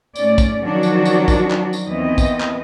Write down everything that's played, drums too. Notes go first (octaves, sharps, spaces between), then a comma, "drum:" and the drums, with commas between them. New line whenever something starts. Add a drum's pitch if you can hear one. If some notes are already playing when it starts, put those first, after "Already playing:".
G#2 A3 C#4 D5, drum: tambourine
drum: kick, tambourine
D#3 F3 F#3 C#4 D4 F#4
drum: tambourine
drum: tambourine
drum: kick, tambourine
drum: clap
drum: tambourine
D#2 E3 B3 C4 D#5
drum: kick, tambourine
drum: clap